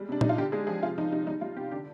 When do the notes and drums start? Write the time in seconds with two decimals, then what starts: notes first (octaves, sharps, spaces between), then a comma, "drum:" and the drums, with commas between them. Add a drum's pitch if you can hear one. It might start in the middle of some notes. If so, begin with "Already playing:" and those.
Already playing: G3 G#3
0.09 C3 D4
0.21 G3 D#4, drum: tom A#2
0.29 F4
0.38 D3 G4
0.52 G#3 G#4
0.67 F3 G#4
0.83 C3 F4
0.98 F3 D#4
1.12 C3 D#4
1.27 G3 D#4
1.41 G3 F4
1.56 C3 G4
1.71 D3 G4